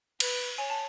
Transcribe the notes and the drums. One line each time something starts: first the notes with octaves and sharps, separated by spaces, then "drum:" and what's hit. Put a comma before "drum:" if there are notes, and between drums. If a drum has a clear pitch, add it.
B4, drum: cymbal
C#5 G#5
A5